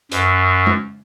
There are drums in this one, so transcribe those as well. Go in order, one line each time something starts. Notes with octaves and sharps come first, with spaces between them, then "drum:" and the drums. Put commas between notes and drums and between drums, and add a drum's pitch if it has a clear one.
F#2, drum: hi-hat
drum: tom G#3